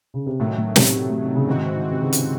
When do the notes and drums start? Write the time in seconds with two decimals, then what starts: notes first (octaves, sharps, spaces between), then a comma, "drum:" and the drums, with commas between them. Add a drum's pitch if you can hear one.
0.14 C#3
0.26 C3
0.39 A2 D#3 F#3 A3
0.57 A2
0.76 C3, drum: snare
0.93 C3
1.09 A2
1.23 C3
1.35 C#3
1.47 G#2 D#3 E3 C4 F#4
1.74 D#3
1.92 C3
2.00 C#3
2.13 drum: hi-hat